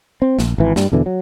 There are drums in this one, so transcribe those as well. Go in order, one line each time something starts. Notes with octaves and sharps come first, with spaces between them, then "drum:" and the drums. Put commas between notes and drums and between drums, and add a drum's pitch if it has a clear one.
C4
A#1, drum: snare
G#1 E3
G2 G3, drum: snare
E2 B2 D3 E3
F#3